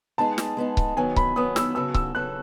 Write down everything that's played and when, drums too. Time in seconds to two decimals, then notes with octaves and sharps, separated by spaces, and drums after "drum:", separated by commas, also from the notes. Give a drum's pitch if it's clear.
0.18 G#3 B3 D#4 G#4 A5
0.38 drum: snare
0.57 G#3 B3 D#4 G#4
0.77 drum: kick C#1
0.97 D#3 F#3 B3 G#5
1.16 B5, drum: kick C#1
1.36 D#3 F#3 B3 D#6
1.56 E6, drum: snare
1.75 C#3 F#3 B3 F#4 A4 E6
1.94 E6, drum: kick C#1
2.15 C#3 F#3 B3 F#4 A4 F#6